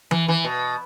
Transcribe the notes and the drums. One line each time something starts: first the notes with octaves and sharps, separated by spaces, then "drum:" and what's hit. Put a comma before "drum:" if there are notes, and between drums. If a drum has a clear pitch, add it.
E3, drum: tom E3
E3
B2